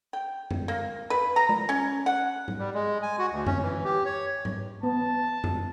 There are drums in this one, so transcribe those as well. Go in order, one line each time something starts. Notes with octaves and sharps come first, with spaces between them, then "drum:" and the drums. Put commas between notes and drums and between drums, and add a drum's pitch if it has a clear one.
G5
drum: tom F#2
A#3
B4
A#5
drum: tom G#3
C#4
F#5
drum: tom G#2
G3
G#3
G#5
F#4
D2
C#4, drum: tom F#2
E3
G4
C#5
drum: tom G#2
B3 A5
drum: tom F#2